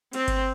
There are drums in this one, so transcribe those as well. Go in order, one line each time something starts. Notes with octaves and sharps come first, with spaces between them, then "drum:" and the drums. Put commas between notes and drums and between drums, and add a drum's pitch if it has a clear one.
C4, drum: cymbal
drum: kick G1, cymbal